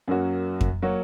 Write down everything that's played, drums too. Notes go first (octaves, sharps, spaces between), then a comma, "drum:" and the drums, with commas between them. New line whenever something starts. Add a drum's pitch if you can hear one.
F#2 F#3 A#3 F#4 C#5
drum: kick F2
F#3 A#3 F#4 C#5